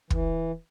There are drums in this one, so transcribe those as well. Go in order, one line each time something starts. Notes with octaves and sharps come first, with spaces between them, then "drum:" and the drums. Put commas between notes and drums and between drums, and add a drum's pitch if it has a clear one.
E3, drum: kick